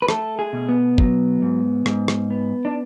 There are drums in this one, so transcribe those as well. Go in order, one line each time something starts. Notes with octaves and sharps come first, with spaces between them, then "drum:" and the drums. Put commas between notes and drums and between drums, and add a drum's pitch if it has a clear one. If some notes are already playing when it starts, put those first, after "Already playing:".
B4
A3 A4, drum: rim click
G#4
B2
B3
F#3, drum: kick
G#2
G#2, drum: rim click
drum: rim click
B3
D4